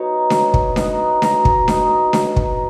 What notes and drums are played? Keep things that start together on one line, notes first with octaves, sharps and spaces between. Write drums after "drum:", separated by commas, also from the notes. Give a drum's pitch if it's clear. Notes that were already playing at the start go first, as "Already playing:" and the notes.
Already playing: F#3 B3 D#4 C#5
F#3, drum: snare D4
drum: kick
B3 D#4, drum: snare D4
F#3 A#5, drum: snare D4
drum: kick
B3 D#4, drum: snare D4
F#3, drum: snare D4
drum: kick